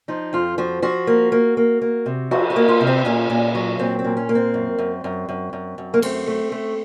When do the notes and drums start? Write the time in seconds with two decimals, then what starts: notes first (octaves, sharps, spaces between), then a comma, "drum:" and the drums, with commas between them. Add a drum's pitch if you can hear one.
0.08 F3 D#4
0.33 F2 F4
0.58 F3 F#4
0.82 F3 F#4
1.07 A#3
1.32 A#3
1.57 A#3
1.82 A#3
2.06 C3
2.31 F3 F#4, drum: cymbal
2.50 F#4
2.56 A#3
2.68 F4
2.81 C3
2.87 C4
3.05 A#2 C#4
3.30 A#2
3.55 F#3
3.79 A#2 C4
3.99 C4
4.05 A#2
4.17 C#4
4.29 A#3
4.35 C4
4.54 F#2
4.78 F#2
5.04 F#2
5.29 F#2
5.53 F#2
5.78 F#2
5.94 A#3
6.02 A3 C4, drum: cymbal
6.27 A3
6.52 A3